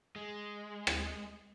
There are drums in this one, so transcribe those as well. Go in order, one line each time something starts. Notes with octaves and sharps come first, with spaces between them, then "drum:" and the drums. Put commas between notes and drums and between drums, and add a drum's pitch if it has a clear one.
G#3
drum: rim click